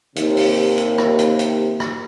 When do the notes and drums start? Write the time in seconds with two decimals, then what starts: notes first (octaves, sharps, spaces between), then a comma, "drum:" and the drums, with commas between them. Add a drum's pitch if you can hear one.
0.16 D#2 C3, drum: hi-hat
0.37 drum: open hi-hat
0.78 drum: hi-hat
0.98 drum: rim click
1.19 drum: hi-hat
1.39 drum: hi-hat
1.80 drum: rim click